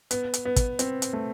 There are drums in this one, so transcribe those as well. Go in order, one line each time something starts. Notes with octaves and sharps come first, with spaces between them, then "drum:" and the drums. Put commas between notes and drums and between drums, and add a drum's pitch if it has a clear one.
B3, drum: hi-hat
drum: hi-hat
B3
drum: kick, hi-hat
C4, drum: hi-hat
drum: hi-hat
A3